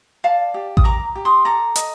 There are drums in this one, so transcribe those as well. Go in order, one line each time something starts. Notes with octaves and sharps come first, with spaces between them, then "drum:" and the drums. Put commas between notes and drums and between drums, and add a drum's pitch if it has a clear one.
D5 F5 A5
G4
D#6, drum: kick A1
A#4 A#5 D6
G4
C6 D#6
A4 A#5 D6
D#5, drum: hi-hat